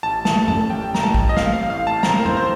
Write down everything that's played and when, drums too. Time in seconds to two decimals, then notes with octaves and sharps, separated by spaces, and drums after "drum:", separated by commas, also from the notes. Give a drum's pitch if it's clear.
0.03 A1 A5
0.25 A5, drum: snare
0.37 A3
0.48 A5, drum: tom F2
0.70 A1 G5
0.94 A#5, drum: snare
1.03 A1 A5
1.14 drum: kick
1.29 D#5
1.37 C4 F5, drum: snare
1.53 F5
1.70 A2 F5
1.87 A5
2.03 C4 A#5, drum: snare
2.19 A#4
2.26 C5, drum: tom F2
2.37 A2 C5